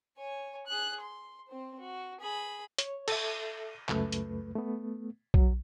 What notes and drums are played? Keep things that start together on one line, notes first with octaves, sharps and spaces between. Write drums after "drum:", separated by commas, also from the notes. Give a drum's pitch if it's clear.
C#5 G#5
G#4 F#6
C6
C4 C5
F#4
G#4 B5
C#5, drum: hi-hat
A4 E5, drum: cymbal
C#2 F#2 A3 B4, drum: clap
drum: hi-hat
A3 B3
F#3, drum: kick